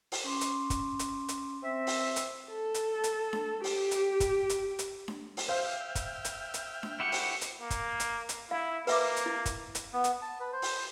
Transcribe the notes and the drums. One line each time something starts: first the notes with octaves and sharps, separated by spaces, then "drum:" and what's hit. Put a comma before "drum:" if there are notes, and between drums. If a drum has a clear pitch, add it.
drum: open hi-hat
C#4 C6 D6
drum: hi-hat
drum: kick, hi-hat
drum: hi-hat
drum: hi-hat
C4 E5
drum: open hi-hat
drum: hi-hat
A4
drum: hi-hat
drum: hi-hat
drum: snare D4
G4, drum: open hi-hat
drum: hi-hat
drum: kick, hi-hat
drum: hi-hat
drum: hi-hat
drum: snare D4
drum: open hi-hat
C5 E5 F5 G5 F6
drum: kick, hi-hat
drum: hi-hat
drum: hi-hat
drum: snare D4
E4 F#4 G4 C#7
drum: open hi-hat
drum: hi-hat
A#3
drum: kick, hi-hat
drum: hi-hat
drum: hi-hat
E4 F5
A#3 B4 E5 D6, drum: open hi-hat
drum: hi-hat
E4
drum: kick, hi-hat
drum: hi-hat
B3
drum: hi-hat
A5
B4
C5
drum: open hi-hat